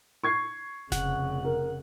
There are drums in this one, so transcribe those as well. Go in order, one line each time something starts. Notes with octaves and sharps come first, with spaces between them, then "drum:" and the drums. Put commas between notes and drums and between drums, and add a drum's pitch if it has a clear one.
C#6 G#6 C7
F1 C#3 F#5, drum: snare F1
A#4